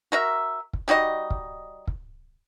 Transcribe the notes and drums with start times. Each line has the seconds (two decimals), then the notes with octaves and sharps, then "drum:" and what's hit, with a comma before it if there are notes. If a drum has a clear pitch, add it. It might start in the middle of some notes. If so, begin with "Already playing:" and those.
0.12 F#4 A#4 E5
0.73 drum: kick
0.88 G3 D#4 F#4 D#5
1.30 drum: kick
1.87 drum: kick